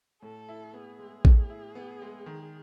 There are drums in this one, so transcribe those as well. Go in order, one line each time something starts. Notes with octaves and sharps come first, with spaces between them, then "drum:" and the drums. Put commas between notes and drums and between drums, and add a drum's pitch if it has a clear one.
A2 A4
E4
B3 G#4
G#3
A2, drum: kick
E4
B3
G#3
D#3